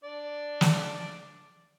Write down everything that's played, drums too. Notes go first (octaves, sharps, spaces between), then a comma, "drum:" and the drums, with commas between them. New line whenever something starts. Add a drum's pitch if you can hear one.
D4 D5
drum: snare